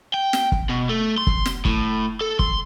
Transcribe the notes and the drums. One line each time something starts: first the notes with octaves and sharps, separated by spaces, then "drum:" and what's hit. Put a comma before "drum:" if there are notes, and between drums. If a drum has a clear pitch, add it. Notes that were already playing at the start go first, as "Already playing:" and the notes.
G5
drum: snare
drum: kick
B2
A3
C6
drum: kick
drum: snare
A2, drum: kick
A4
C6, drum: kick